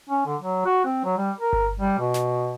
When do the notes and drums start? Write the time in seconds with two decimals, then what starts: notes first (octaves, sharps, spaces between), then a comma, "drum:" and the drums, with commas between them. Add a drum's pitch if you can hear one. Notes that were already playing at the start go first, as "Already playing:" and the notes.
0.10 C#4
0.26 D3
0.41 F#3
0.65 F#4
0.85 C4
1.04 F#3
1.18 G3
1.40 A#4
1.53 drum: kick G1
1.80 G3
1.99 B2
2.14 drum: snare